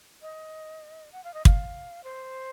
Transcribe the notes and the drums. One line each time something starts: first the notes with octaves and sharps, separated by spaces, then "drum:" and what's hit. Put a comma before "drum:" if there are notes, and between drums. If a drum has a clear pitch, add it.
D#5
F#5
F5
D#5
F5, drum: kick
C5